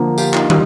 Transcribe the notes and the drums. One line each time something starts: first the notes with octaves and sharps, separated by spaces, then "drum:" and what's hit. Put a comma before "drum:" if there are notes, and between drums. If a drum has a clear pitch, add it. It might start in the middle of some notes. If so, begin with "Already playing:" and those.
Already playing: D3 F3 A#3
F4 G4, drum: tambourine
D#4 F4, drum: clap
G3, drum: tom